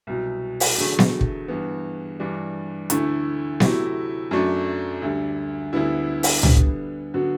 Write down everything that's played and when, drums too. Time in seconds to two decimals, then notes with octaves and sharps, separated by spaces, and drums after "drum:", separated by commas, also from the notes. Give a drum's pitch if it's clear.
0.07 C2 B2 F#3
0.60 drum: open hi-hat
0.78 E2 D3 F#3 A3
0.99 drum: snare B3
1.21 drum: kick
1.48 G2 E3 B3
2.20 G2 E3 G3 D4
2.90 D2 D3 A3 E4, drum: hi-hat
3.60 C3 F#3 A3 E4 G4, drum: snare B3
4.31 F#2 F#3 A3 D4
5.02 D2 D3 G3
5.73 D2 D3 G3 B3 E4
6.23 drum: open hi-hat
6.43 D3 G3 B3, drum: tom C#2
6.56 drum: kick
7.14 D3 F#3 B3 F#4